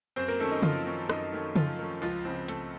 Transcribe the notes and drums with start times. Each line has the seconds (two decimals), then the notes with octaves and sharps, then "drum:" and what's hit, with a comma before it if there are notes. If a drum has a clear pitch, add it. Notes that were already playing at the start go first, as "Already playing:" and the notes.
0.16 F#2 C4 C5
0.28 A#3 A#4
0.40 D#3 A3 C#4 A4
0.51 D#4
0.62 F#2 F3 F4, drum: tom C#3
0.86 D#3 A3 C#4
1.09 F#2 D#4, drum: rim click
1.32 D#3 A3 C#4
1.56 F#2 F3 F4, drum: tom C#3
1.79 D#3 A3 C#4
2.02 C#2 F3 F4
2.25 C#3 F3 C4
2.48 C#2 A3 A4, drum: hi-hat